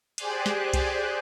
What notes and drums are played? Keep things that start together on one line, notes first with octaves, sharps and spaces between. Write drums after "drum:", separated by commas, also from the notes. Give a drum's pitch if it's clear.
G4 G#4 C5 D5 G#5 F#6, drum: cymbal
drum: snare
drum: kick C2, cymbal